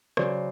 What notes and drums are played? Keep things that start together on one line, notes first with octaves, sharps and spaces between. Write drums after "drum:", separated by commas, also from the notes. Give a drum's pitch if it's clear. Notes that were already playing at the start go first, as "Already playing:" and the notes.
C#3 F#3 C5 D5, drum: rim click